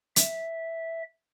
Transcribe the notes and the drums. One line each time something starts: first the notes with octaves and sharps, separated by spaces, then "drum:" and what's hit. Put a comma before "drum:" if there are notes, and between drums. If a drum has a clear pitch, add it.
E5, drum: hi-hat